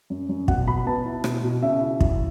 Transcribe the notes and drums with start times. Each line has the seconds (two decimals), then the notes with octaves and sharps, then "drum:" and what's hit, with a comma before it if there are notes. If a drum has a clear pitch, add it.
0.10 F#2
0.29 F#2
0.48 B2 F#5, drum: kick
0.67 B2 B5
0.87 B3 A5
1.05 E4
1.24 B2, drum: rim click
1.44 B2
1.63 C#3 E5
1.81 E4
2.00 F#3, drum: kick